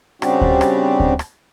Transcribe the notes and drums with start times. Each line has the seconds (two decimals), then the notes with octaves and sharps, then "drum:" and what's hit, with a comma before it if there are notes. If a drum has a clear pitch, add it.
0.22 C#3 G3 C4 D4 F#4 G4, drum: rim click
0.41 drum: kick D2
0.61 drum: rim click
1.00 drum: kick D2
1.19 drum: rim click